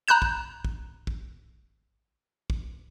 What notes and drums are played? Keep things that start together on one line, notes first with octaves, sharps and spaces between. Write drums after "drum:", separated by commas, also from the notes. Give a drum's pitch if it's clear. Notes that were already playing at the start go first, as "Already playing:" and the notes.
A#5 B5 F#6 G6 E7
drum: kick
drum: kick
drum: kick
drum: kick